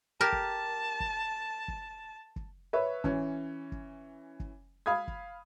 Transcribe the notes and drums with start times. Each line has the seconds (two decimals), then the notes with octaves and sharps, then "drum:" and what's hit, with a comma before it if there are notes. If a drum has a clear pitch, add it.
0.21 G4 A#4 A5
0.32 drum: kick
1.00 drum: kick
1.68 drum: kick
2.36 drum: kick
2.73 B4 C#5 E5
3.04 E3 C#4, drum: kick
3.72 drum: kick
4.40 drum: kick
4.86 F5 B5 D#6 G#6
5.08 drum: kick